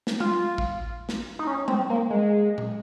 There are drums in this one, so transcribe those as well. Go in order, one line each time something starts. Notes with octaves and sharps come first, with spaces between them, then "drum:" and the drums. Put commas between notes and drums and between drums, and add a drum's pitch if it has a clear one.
drum: snare
F4, drum: tom G3
drum: kick A1
drum: snare
D#4
C#4
C4, drum: tom G3
A#3
G#3
drum: tom A#2